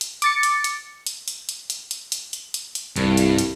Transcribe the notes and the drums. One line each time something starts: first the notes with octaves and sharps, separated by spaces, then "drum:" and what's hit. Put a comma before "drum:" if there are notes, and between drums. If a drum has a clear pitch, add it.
drum: hi-hat
D6 A6 C#7, drum: hi-hat
drum: hi-hat
drum: hi-hat
drum: hi-hat
drum: hi-hat
drum: hi-hat
drum: hi-hat
drum: hi-hat
drum: hi-hat
drum: hi-hat
drum: hi-hat
drum: hi-hat
C2 G2, drum: hi-hat
drum: hi-hat
drum: hi-hat